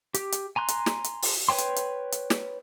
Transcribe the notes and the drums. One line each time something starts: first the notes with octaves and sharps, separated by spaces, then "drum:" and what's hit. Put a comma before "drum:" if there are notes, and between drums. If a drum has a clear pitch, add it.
G4, drum: hi-hat
drum: hi-hat
G#5 A#5 C6 F#6
drum: hi-hat
drum: snare
drum: hi-hat
drum: open hi-hat
B4 C#5 G5 C6
drum: hi-hat
drum: hi-hat
drum: hi-hat
drum: snare